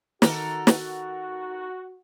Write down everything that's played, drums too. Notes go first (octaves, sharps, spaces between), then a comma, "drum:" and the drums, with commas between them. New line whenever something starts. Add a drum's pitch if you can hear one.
D#3 F#4 A4 A#4, drum: snare
drum: snare